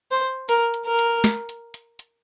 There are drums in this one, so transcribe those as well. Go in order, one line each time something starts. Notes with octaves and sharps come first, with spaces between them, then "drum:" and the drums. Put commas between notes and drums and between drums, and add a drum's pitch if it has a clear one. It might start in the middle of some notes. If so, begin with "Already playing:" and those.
C5
A#4, drum: hi-hat
drum: hi-hat
A#4
drum: hi-hat
drum: snare
drum: hi-hat
drum: hi-hat
drum: hi-hat